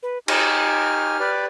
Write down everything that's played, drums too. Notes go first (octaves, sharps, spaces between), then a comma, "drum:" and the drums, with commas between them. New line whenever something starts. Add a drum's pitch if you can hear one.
B4
D#4 G4 G#5 F6, drum: cymbal
G4 B4 D5